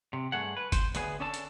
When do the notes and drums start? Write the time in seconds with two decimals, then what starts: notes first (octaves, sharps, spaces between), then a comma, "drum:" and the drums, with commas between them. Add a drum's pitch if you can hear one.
0.13 C3
0.32 G2 A3 G#4 F#5
0.57 B4
0.72 C5, drum: kick G1, hi-hat
0.95 D2 B3 G#4, drum: hi-hat
1.20 C#4 D4 A4 A5
1.34 drum: hi-hat